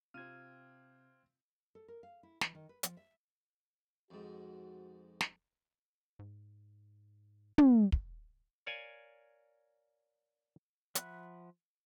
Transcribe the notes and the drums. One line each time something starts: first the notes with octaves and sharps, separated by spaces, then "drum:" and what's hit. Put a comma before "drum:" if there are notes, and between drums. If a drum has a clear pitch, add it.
C3 C4 F4 F6 G#6 D#7
A4
A#4
F5
E4
E3, drum: snare
D#3
B4
F3, drum: hi-hat
E5
F2 G#2 F#4
drum: snare
G#2
drum: tom
drum: kick
A#4 C#5 D5 F5 G#5
F3 E5 F#5 B5 F#6, drum: hi-hat